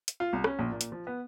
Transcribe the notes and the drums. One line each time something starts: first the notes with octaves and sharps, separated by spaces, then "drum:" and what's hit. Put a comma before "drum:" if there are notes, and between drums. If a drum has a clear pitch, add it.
drum: hi-hat
F4
C2
C#4, drum: rim click
A#1
A#2
drum: hi-hat
F3
B3